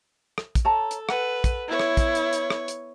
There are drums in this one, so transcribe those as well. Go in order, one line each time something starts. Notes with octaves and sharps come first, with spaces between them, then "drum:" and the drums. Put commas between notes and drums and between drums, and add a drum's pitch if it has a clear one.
drum: rim click
drum: kick, hi-hat
A4 C#5 A5 A#5
drum: hi-hat
B4 F#5, drum: rim click
drum: kick, hi-hat
B3 E4 C#5
drum: rim click
drum: kick, hi-hat
drum: hi-hat
drum: hi-hat
drum: rim click
drum: hi-hat